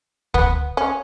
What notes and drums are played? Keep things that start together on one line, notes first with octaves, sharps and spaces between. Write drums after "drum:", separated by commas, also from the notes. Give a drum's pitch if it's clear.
B3, drum: kick
C#4